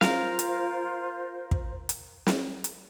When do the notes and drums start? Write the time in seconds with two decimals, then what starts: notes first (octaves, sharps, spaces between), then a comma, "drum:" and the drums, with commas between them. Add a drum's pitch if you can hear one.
0.01 F4 A#4 C5 F5, drum: snare
0.39 drum: hi-hat
1.51 drum: kick
1.89 drum: hi-hat
2.27 drum: snare
2.64 drum: hi-hat